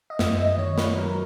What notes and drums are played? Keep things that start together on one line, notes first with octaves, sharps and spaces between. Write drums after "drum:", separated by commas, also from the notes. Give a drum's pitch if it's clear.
D#5
F#2 E5, drum: snare
D#5
D#3 C#5
B4, drum: snare
F#3 A#4
A#4